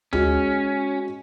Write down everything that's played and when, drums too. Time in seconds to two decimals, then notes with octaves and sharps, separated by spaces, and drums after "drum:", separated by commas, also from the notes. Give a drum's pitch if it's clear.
0.13 G#3 C#4 F#4, drum: tom D2